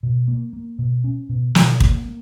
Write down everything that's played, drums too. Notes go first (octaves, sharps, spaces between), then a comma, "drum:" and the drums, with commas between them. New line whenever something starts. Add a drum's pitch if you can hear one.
B2
A#3
A#3
B2
C#4
B2
B2, drum: snare
A#3, drum: kick
A#3